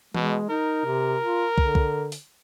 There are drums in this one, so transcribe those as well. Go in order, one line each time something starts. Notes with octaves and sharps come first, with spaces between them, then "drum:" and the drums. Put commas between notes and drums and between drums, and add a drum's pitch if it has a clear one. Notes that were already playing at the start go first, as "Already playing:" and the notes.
B2 G#3, drum: tom E3
D#4 A#4
C3
F4
D3, drum: kick
drum: kick
drum: open hi-hat